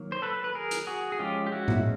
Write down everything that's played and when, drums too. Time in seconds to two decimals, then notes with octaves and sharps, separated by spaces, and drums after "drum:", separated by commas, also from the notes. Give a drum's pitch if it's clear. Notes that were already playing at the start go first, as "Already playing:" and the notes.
Already playing: D#3 F#3 A#3
0.12 C5
0.22 A4 B4
0.44 B4
0.55 G#4 A#4
0.71 drum: hi-hat
0.87 F#4 G#4
1.12 G#4
1.19 F3 G#3 C#4 F4 G4
1.47 G4
1.52 E4 F#4
1.68 drum: tom A2